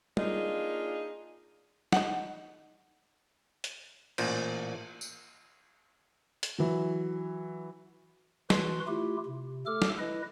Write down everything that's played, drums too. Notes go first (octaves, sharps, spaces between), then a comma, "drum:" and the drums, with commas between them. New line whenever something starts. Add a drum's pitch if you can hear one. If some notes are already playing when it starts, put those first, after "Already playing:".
A#3 D4 D#4 F4 G#4, drum: tom
D#4 F#5, drum: snare
drum: hi-hat
A1 A#2 C5, drum: cymbal
drum: tambourine
drum: hi-hat
E3 F#3
E3 F#4 B4 C6, drum: snare
A3 E4 F4 G4
C3
A3 A4 D6 F6
drum: snare
E4 B4 D#5